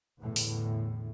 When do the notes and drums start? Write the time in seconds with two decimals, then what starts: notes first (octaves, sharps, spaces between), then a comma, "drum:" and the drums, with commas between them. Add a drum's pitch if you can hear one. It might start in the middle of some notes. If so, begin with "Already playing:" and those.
0.20 E2 A2 D3
0.36 drum: open hi-hat